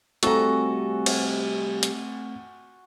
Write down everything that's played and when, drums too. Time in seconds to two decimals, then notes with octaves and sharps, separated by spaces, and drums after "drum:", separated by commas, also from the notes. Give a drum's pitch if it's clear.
0.23 C3 G3 A3 C4 F#4 A4 G#5 A#5, drum: hi-hat
1.06 drum: cymbal
1.83 drum: hi-hat